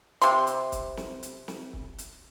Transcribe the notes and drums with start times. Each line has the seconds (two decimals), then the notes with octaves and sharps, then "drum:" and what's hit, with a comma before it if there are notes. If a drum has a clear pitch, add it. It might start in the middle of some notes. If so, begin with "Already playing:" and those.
0.22 C3 C6, drum: hi-hat
0.47 drum: hi-hat
0.72 drum: kick, hi-hat
0.97 drum: snare
1.23 drum: hi-hat
1.48 drum: snare
1.73 drum: kick
1.98 drum: hi-hat